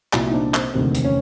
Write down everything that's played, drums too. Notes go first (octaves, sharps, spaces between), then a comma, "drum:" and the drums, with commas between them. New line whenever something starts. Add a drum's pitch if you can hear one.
C2 A#2 F3 E4 F#4, drum: clap
D#4
C4 D4
C4, drum: clap
E1 D2 C3 D#3 C4
drum: hi-hat
C#4